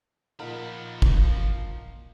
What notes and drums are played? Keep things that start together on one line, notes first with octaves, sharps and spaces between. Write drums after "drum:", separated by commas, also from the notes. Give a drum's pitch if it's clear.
A#2 F3 D#4 F4 A#4 F5 F#5 B5
drum: kick